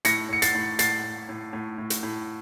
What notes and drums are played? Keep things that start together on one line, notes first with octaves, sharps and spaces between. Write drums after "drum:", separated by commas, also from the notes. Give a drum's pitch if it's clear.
A2 A#6 C#7, drum: hi-hat
A2 C#7
A6 C7, drum: hi-hat
A2
A2 A6 C7, drum: hi-hat
A2
A2
A2
A2
drum: hi-hat
A2